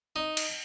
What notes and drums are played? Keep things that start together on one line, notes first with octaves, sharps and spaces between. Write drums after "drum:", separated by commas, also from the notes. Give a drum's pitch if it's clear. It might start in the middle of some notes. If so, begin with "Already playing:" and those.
D#4
drum: cymbal